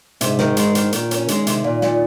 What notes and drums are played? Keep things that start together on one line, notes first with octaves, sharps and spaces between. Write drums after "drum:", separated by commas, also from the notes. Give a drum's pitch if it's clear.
G#2 C3, drum: hi-hat
D#3, drum: snare
G#3, drum: hi-hat
D#3, drum: hi-hat
A#2 D#3, drum: hi-hat
C#4, drum: hi-hat
D#3 G#3, drum: hi-hat
C3, drum: hi-hat
A#2
A#2, drum: snare